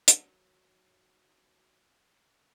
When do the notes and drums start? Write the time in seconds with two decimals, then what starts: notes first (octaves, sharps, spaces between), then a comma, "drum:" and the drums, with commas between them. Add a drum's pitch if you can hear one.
0.08 D#3 F#3, drum: hi-hat